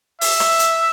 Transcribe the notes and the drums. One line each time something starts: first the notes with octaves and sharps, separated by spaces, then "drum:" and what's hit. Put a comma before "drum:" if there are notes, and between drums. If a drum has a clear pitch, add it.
E5, drum: open hi-hat
drum: rim click
drum: hi-hat